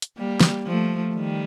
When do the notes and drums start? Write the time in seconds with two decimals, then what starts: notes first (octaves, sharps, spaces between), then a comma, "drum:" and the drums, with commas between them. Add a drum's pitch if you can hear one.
0.02 drum: hi-hat
0.18 G3 A#3
0.40 drum: snare
0.66 F3 A3
1.15 D#3 G3